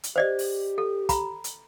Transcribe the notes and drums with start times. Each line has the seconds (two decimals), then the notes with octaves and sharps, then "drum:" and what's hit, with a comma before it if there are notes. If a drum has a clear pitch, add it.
0.04 drum: hi-hat
0.16 G4 C5 D5 D#5
0.39 drum: open hi-hat
0.78 A4
1.09 A#5 B5, drum: kick, hi-hat
1.44 drum: hi-hat